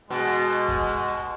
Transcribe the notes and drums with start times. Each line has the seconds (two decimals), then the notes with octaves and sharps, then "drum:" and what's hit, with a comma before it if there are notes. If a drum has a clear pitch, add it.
0.10 B2 G#3, drum: hi-hat
0.49 drum: hi-hat
0.68 drum: kick, hi-hat
0.88 drum: hi-hat
1.07 drum: hi-hat